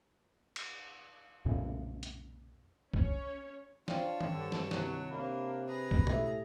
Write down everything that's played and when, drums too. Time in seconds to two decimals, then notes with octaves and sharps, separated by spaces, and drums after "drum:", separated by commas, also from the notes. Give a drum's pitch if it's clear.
0.56 drum: cymbal
1.45 B1 F2 A#2 C#3
2.03 drum: hi-hat
2.94 C#4 C#5, drum: kick B1
3.88 D4 F4 C5 C#5 G5 A5, drum: snare
4.21 drum: tom D#3
4.30 G2 D3
4.52 drum: snare
4.71 C2 D#3 F#3 F#6, drum: snare
5.10 C3 A#3 D4 C#5 B5
5.68 G#4 B4 A#5
5.91 drum: kick B1
6.07 A2 G4 E5, drum: tom B2